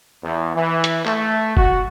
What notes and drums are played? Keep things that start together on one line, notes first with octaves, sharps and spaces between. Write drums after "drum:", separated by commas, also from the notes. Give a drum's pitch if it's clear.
E2
E3
drum: hi-hat
A3, drum: clap
F#4, drum: kick